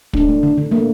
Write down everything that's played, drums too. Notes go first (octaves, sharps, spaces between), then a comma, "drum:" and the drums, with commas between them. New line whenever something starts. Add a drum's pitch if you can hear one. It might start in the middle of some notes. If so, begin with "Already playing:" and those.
A3 D4, drum: kick
A3
D3
D3
A3 A#3